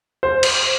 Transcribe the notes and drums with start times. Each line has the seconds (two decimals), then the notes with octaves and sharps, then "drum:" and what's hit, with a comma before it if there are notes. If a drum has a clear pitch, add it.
0.23 C5
0.43 drum: cymbal